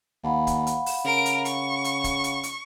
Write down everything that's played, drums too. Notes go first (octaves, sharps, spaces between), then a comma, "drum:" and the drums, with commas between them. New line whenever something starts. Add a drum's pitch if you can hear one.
D#2 F5 F#5 B5
drum: kick C#1, hi-hat
drum: hi-hat
drum: open hi-hat
C#3 A#4 D7
drum: hi-hat
C#6, drum: hi-hat
drum: hi-hat
drum: kick C#1, hi-hat
drum: hi-hat
drum: hi-hat